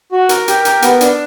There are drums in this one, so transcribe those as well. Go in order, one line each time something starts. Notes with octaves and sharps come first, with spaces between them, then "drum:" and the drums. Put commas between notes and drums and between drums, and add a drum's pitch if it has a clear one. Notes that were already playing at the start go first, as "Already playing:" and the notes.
F#4
A#4, drum: hi-hat
G4, drum: hi-hat
A#4, drum: hi-hat
B3, drum: hi-hat
D4, drum: hi-hat